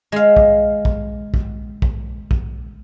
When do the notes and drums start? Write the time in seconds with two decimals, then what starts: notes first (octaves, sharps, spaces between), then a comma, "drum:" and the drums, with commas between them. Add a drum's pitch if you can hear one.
0.12 G#3 F5
0.37 drum: kick A#1
0.85 drum: kick A#1
1.34 drum: kick A#1
1.82 drum: kick A#1
2.31 drum: kick A#1